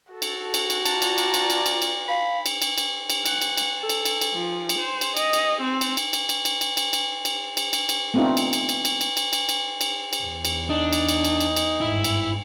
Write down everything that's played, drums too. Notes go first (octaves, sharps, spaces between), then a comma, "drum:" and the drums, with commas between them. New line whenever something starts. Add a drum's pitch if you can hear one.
F#4 A4
drum: cymbal
drum: cymbal
drum: cymbal
F4 D5 A5 A#5, drum: cymbal
drum: cymbal
drum: cymbal
drum: cymbal
drum: cymbal
drum: cymbal
drum: cymbal
F5 B5
drum: cymbal
drum: cymbal
drum: cymbal
drum: cymbal
F#5, drum: cymbal
drum: cymbal
drum: cymbal
A4
drum: cymbal
drum: cymbal
drum: cymbal
F3
drum: cymbal
C5
drum: cymbal
D#5, drum: cymbal
drum: cymbal
C4
drum: cymbal
drum: cymbal
drum: cymbal
drum: cymbal
drum: cymbal
drum: cymbal
drum: cymbal
drum: cymbal
drum: cymbal
drum: cymbal
drum: cymbal
drum: cymbal
A3 B3 C4 D4 D#4 F4
drum: cymbal
drum: cymbal
drum: cymbal
drum: cymbal
drum: cymbal
drum: cymbal
drum: cymbal
drum: cymbal
drum: cymbal
drum: cymbal
E2
drum: cymbal
D4 D#4
drum: cymbal
drum: cymbal
drum: cymbal
drum: cymbal
drum: cymbal
G1 G#2 E4
drum: cymbal